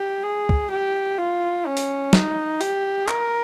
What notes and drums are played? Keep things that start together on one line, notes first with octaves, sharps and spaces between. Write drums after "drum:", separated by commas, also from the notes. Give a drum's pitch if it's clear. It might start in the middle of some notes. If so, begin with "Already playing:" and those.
Already playing: G4
G#4
drum: kick
G4
F4
C#4
drum: open hi-hat
D#4, drum: snare
G4, drum: open hi-hat
A#4, drum: clap